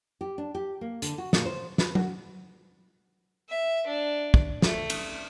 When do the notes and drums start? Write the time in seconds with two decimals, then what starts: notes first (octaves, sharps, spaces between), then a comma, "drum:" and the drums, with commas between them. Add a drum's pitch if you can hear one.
0.21 G4
0.38 D4
0.55 G4
0.81 A#3
1.02 D3, drum: hi-hat
1.18 F#4
1.33 A#2, drum: snare
1.45 C5
1.78 B4, drum: snare
1.95 F#4, drum: tom
3.49 E5
3.87 D4
4.34 drum: kick
4.62 A3, drum: snare
4.90 drum: cymbal